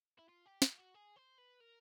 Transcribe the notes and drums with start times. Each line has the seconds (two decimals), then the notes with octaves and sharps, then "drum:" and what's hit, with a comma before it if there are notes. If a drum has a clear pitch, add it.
0.19 E4
0.29 F4
0.46 G4
0.62 F4, drum: snare
0.78 F#4
0.94 G#4
1.16 C5
1.38 B4
1.60 A#4